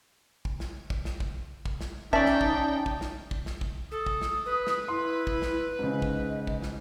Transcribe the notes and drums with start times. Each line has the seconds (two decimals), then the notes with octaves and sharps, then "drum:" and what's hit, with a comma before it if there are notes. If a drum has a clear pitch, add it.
0.45 drum: kick
0.60 drum: snare
0.90 drum: kick
1.05 drum: snare
1.20 drum: kick
1.66 drum: kick
1.81 drum: snare
2.13 C#4 D#4 D5 E5 G5 A5, drum: kick
2.26 drum: snare
2.41 drum: kick
2.86 drum: kick
3.01 drum: snare
3.31 drum: kick
3.46 drum: snare
3.61 drum: kick
3.91 A4 D#6
4.06 drum: kick
4.22 drum: snare
4.46 B4
4.67 drum: snare
4.88 E4 C6
5.27 drum: kick
5.42 drum: snare
5.79 G#2 C#3 D#5
6.02 drum: kick
6.47 drum: kick
6.62 drum: snare